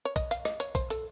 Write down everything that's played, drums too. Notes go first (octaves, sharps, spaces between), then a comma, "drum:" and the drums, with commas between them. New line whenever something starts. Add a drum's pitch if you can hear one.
C#5
D#5, drum: kick, hi-hat
F5, drum: hi-hat
D#5, drum: rim click
C#5, drum: hi-hat
C5, drum: kick, hi-hat
A4, drum: hi-hat